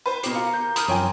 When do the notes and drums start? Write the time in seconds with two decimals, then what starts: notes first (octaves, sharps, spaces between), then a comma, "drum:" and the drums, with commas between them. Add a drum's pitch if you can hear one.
0.06 B4 C5
0.23 B2 G4 A#4 C7, drum: hi-hat
0.35 F4 C#7
0.53 G6
0.76 B5 D#6 F6 G6 D#7, drum: hi-hat
0.88 F#2 F3 C4 C#5 G5 G#5